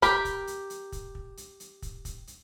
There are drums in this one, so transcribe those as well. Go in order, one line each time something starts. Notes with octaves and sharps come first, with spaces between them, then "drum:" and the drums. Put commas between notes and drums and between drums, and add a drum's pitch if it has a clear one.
G4 A#4 B5, drum: kick, hi-hat
drum: kick, hi-hat
drum: hi-hat
drum: hi-hat
drum: kick, hi-hat
drum: kick
drum: hi-hat
drum: hi-hat
drum: kick, hi-hat
drum: kick, hi-hat
drum: hi-hat